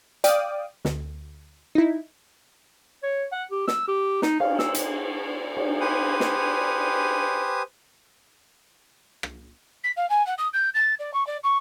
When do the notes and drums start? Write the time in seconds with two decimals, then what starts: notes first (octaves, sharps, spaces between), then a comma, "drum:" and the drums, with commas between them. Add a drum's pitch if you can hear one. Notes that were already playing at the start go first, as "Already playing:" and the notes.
0.24 D5 F5 G5 D6 D#6, drum: hi-hat
0.85 D2, drum: snare
1.75 D#4 E4
3.03 C#5
3.32 F#5
3.51 G4
3.68 E6, drum: snare
3.88 G4
4.22 D#4, drum: snare
4.40 F5, drum: cymbal
4.59 E6, drum: snare
4.74 drum: hi-hat
5.57 drum: cymbal
5.80 G4 B4 C5 G#5 D#6
6.20 drum: snare
9.23 drum: rim click
9.84 B6
9.96 F5
10.09 G#5
10.26 F#5
10.38 D#6
10.53 G6
10.74 A6
10.99 D5
11.13 C#6
11.26 D5
11.43 C#6